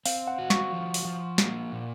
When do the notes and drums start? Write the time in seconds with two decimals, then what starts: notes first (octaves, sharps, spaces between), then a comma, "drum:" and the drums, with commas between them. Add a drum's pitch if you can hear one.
0.06 C4 F5, drum: open hi-hat
0.28 F#5
0.38 F#4
0.50 C#6, drum: snare
0.73 F3
0.94 drum: open hi-hat
1.05 F3
1.38 A#3, drum: snare
1.72 A#2